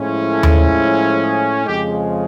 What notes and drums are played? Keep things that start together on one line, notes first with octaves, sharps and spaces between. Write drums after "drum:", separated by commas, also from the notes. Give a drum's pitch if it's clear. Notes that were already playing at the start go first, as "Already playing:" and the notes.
Already playing: A2 F3 G#3 C#4 E4
A4
drum: tom D#2
G#4
F2 C#3 F3 G#3 G4